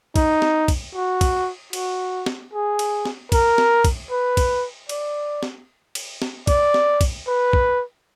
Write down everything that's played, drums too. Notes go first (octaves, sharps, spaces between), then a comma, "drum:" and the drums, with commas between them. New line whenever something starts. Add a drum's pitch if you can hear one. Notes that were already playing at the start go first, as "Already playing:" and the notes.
D#4, drum: kick B1, cymbal
drum: snare
drum: kick B1, cymbal
F#4
drum: kick B1, cymbal
F#4, drum: cymbal
drum: snare
G#4
drum: cymbal
drum: snare
A#4, drum: kick B1, cymbal
drum: snare
drum: kick B1, cymbal
B4
drum: kick B1, cymbal
D5, drum: cymbal
drum: snare
drum: cymbal
drum: snare
D5, drum: kick B1, cymbal
drum: snare
drum: kick B1, cymbal
B4
drum: kick B1